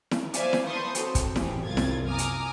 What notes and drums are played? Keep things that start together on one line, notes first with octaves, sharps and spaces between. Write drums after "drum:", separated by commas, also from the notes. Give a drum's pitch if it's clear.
drum: snare E4
C5 D5 E5 F5 G#5, drum: hi-hat
drum: snare E4
B4 C5 A5 C6 C#6 D#6
F#3 C4 A4, drum: hi-hat
drum: kick, hi-hat
A2 E3 C4 G4 G#4, drum: snare E4
C2 F#2 F4 G#6 A6
drum: snare E4
G#5 A#5 D6 D#6 F6
drum: hi-hat